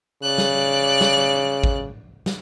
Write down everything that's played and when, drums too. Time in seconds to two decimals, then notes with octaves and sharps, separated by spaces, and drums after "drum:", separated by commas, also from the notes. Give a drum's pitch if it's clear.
0.23 C#3 D5 F#6
0.38 drum: snare
1.01 drum: snare
1.64 drum: kick G#1
2.26 drum: snare